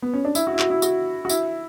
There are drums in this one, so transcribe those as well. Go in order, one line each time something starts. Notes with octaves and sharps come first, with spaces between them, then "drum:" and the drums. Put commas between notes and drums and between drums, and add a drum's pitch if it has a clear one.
B3
C#4
D4
E4, drum: tambourine
F#4
E4
F#4, drum: clap
E4
F#4, drum: tambourine
F#4
E4, drum: tambourine